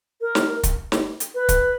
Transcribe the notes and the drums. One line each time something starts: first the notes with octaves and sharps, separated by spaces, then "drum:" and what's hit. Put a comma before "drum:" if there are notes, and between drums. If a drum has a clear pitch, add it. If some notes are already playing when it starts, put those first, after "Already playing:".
A#4
drum: snare
drum: kick, hi-hat
drum: snare
drum: hi-hat
B4
drum: kick, hi-hat